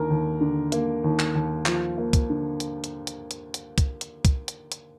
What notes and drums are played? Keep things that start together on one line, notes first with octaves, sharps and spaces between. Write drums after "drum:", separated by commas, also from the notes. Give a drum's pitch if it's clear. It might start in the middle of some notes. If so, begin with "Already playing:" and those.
Already playing: D#2 D3 A#4
D#2
D3
A#3, drum: hi-hat
D#2
drum: clap
D#2
F3, drum: clap
A#3
drum: kick C2, hi-hat
D3
drum: hi-hat
drum: hi-hat
drum: hi-hat
drum: hi-hat
drum: hi-hat
drum: kick C2, hi-hat
drum: hi-hat
drum: kick C2, hi-hat
drum: hi-hat
drum: hi-hat